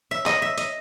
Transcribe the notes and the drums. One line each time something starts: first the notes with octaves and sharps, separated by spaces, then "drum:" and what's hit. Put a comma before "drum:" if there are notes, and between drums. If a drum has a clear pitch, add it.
E5
D#5, drum: clap
E5
D#5, drum: hi-hat